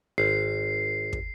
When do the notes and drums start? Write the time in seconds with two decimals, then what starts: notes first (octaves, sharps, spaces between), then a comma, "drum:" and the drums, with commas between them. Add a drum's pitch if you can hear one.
0.18 G#1 C7
1.13 drum: kick